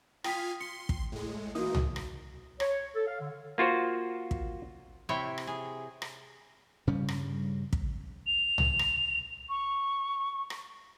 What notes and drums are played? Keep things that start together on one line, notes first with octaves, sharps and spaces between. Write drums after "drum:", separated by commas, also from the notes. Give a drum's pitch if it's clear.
F4 F5 G5 G#5 D#6 B6, drum: rim click
C6 C#7
drum: kick
A2 G#3
E3 A#3 D#4 F#4 D#6
drum: tom C2
drum: rim click
C#5, drum: rim click
A4
F5
D3
A#3 F4 F#4 C5
drum: kick
C3 C4 E4 C#5 G5
drum: rim click
G#4
drum: rim click
G2 C#3 G3 C#4
drum: rim click
drum: kick
F7
drum: tom C2
drum: rim click
C#6
drum: rim click